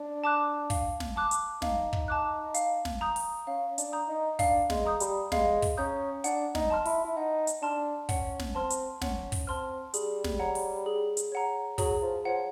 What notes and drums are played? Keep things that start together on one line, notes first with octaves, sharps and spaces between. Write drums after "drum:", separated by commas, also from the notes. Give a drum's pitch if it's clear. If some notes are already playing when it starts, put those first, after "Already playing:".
Already playing: D4
A5 D6 F#6
F5, drum: kick, open hi-hat
drum: snare
A5 D6 F#6
drum: hi-hat
D#4 F5, drum: snare
drum: kick
A5 D6 F#6
F5, drum: hi-hat
drum: snare
A#5 D#6 G6
drum: open hi-hat
C#4 F5
D4, drum: hi-hat
A#5 D#6 G6
D#4
D4 F5, drum: kick, open hi-hat
G#3, drum: snare
A#5 D#6 G6
G3, drum: hi-hat
G#3 F5, drum: snare
drum: kick, open hi-hat
C#4 A#5 D#6 G6
D4 F#5, drum: hi-hat
D#4, drum: snare
A5 C6 F6
E4, drum: open hi-hat
E4
D#4 F#5
drum: hi-hat
D4 A5 C6 F6
C#4 F#5, drum: kick, open hi-hat
drum: snare
C4 A5 C6 F6
drum: hi-hat
C#4 F#5, drum: snare
drum: kick, open hi-hat
C4 A5 C6 F6
G3 G#4, drum: hi-hat
drum: snare
C#5 F#5 A#5
drum: open hi-hat
G#4
drum: hi-hat
C#5 F#5 A#5
F#3 G#4, drum: kick, open hi-hat
F3
F3 C#5 F#5 A#5